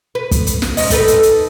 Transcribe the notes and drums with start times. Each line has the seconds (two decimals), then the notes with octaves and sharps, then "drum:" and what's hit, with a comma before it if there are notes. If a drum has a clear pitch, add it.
0.15 B4
0.31 drum: kick, hi-hat
0.47 drum: hi-hat
0.62 drum: snare
0.77 G#2 C#4 D#5, drum: open hi-hat
0.90 D#4 A4 B4, drum: kick, hi-hat
1.08 drum: hi-hat
1.23 drum: hi-hat